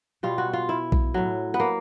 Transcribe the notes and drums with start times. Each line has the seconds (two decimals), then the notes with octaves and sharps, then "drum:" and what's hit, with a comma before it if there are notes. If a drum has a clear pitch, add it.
0.23 B2 G3 F4
0.38 F#4
0.53 F4
0.69 E4
0.92 drum: kick B1
1.14 A2 F#3
1.54 B3
1.60 A#3